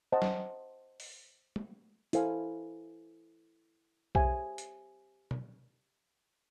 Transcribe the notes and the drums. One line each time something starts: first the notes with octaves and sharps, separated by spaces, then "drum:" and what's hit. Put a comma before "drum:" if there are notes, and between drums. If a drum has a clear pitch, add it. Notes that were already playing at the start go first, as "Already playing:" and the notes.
C5 D#5 F#5 A5
drum: snare F#3
drum: open hi-hat
drum: tom
E4 A4 C5 F5 G#5, drum: hi-hat
G4 C5 E5 G#5, drum: kick B1
drum: hi-hat
drum: tom